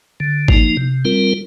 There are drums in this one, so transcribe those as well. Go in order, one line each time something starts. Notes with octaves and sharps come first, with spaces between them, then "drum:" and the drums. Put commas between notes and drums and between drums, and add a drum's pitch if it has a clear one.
D3
F3 A#3 D#4, drum: kick G#1
C3
G3 C4 F4 A#4